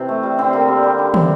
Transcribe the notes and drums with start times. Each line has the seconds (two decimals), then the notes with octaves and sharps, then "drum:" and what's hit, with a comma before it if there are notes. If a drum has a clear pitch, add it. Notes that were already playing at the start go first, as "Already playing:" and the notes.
Already playing: C3 E3 C4
0.08 A3
0.23 G3
0.38 D3 C4
0.53 D3 A#3
0.68 G3
0.83 G3
0.98 D3
1.14 C3, drum: tom